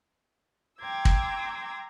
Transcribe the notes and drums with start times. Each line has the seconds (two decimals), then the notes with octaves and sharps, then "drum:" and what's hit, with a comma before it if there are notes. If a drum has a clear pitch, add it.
0.79 G5 A#5 C6 D6 E6 G#6
1.05 drum: kick